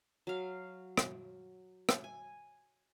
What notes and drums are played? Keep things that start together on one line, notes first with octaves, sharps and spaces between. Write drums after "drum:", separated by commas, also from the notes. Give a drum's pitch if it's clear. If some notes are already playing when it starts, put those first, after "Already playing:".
F#3 F5
drum: rim click
drum: rim click
G#5